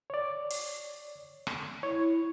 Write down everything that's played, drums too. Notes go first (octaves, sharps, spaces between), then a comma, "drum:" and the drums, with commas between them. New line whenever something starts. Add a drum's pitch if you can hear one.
C#5 D5
drum: open hi-hat
drum: rim click
E4 C#5